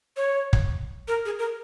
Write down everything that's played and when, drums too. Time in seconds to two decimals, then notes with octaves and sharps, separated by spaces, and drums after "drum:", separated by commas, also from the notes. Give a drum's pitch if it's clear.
0.17 C#5
0.53 drum: kick
1.08 A#4
1.25 G#4
1.39 A#4